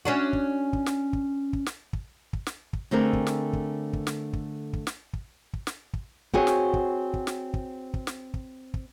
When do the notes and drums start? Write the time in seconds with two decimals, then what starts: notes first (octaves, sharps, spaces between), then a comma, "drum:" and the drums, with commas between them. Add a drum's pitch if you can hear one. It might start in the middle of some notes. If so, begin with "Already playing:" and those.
0.05 C#4 D4 F#4
0.33 drum: kick
0.73 drum: kick
0.86 drum: snare
1.13 drum: kick
1.53 drum: kick
1.66 drum: snare
1.93 drum: kick
2.33 drum: kick
2.46 drum: snare
2.73 drum: kick
2.91 D3 A3 C4 G#4 A#4
3.13 drum: kick
3.27 drum: snare
3.53 drum: kick
3.93 drum: kick
4.07 drum: snare
4.33 drum: kick
4.73 drum: kick
4.87 drum: snare
5.13 drum: kick
5.53 drum: kick
5.67 drum: snare
5.93 drum: kick
6.33 C4 F#4 G#4 C#5, drum: kick
6.47 drum: snare
6.74 drum: kick
7.14 drum: kick
7.27 drum: snare
7.54 drum: kick
7.94 drum: kick
8.07 drum: snare
8.34 drum: kick
8.74 drum: kick